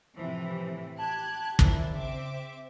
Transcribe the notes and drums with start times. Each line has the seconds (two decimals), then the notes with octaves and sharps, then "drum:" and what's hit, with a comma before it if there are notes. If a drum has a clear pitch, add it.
0.17 A2 C3 E3 F3
0.98 G4 A5 F#6 G#6
1.59 A#1 D#3 D4 E4, drum: kick
1.93 C#3 C4 E5 D6